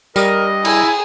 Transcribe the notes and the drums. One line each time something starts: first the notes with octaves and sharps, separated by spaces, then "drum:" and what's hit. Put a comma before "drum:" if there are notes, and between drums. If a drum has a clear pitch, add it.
G2 G3 A#4 D#5, drum: tambourine
E4 G#4, drum: cymbal